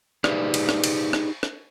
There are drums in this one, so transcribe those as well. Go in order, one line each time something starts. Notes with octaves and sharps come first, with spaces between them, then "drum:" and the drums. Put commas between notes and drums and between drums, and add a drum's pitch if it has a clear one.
D#4 G4 G#4 B4 C5 D5, drum: rim click
drum: cymbal
drum: rim click
drum: cymbal
drum: rim click
drum: rim click